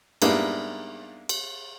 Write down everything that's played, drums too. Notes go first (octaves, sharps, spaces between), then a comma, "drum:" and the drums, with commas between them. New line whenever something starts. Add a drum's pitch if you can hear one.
G#2 G3 A#3 B3 D4 E4, drum: cymbal
drum: cymbal